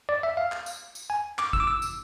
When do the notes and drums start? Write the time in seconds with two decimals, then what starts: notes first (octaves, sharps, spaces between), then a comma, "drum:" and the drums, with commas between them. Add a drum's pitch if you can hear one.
0.09 D5
0.23 E5
0.37 F5
0.52 drum: clap
0.66 drum: tambourine
0.95 drum: tambourine
1.10 G#5
1.38 D6, drum: clap
1.53 E6, drum: kick G#1
1.60 D6
1.67 E6
1.82 drum: tambourine